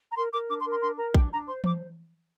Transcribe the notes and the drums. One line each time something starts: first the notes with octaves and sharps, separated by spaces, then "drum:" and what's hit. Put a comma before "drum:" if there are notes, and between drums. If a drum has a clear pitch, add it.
A#5
A#4 C6
A#4 D6
D4 D6
C6
A#4
C6
D4 C6
A#4 A#5
D4 G5, drum: kick A#1
D4 A#5
C5 C6
C5 D6, drum: tom E3